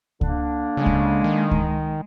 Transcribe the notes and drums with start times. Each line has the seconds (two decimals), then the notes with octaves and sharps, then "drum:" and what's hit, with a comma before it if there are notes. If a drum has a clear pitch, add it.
0.21 D3 A#3 D4, drum: kick C#2
0.77 C#3 G#3
0.86 drum: kick C#2
1.24 D#3
1.51 drum: kick C#2